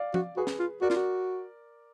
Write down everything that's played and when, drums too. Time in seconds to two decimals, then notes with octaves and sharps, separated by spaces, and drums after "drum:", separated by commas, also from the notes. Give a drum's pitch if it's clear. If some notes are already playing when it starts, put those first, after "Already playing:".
Already playing: D5 F5
0.14 F#4, drum: tom F3
0.37 F#4 G#4 B4
0.47 drum: snare
0.59 F4
0.82 F#4 A#4 D5
0.90 F4, drum: snare
0.96 F#4